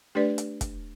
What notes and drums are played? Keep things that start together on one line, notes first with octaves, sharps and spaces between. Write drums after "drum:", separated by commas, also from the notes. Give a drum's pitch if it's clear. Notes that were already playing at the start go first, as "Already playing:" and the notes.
A3 D4 G4 B4 D5
drum: hi-hat
drum: kick, hi-hat